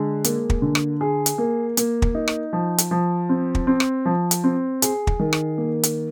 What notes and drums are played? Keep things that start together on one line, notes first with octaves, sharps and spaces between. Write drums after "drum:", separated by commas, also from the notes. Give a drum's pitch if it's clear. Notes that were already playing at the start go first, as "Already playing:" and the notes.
Already playing: D3 G#3
A#3, drum: hi-hat
drum: kick
D3
drum: rim click
G#4
drum: hi-hat
A#3
A#3, drum: hi-hat
drum: kick
D#4
drum: rim click
F3
drum: hi-hat
F3
C4
drum: kick
C4
drum: rim click
F3
drum: hi-hat
C4
G#4, drum: hi-hat
drum: kick
D#3
drum: rim click
A#3
drum: hi-hat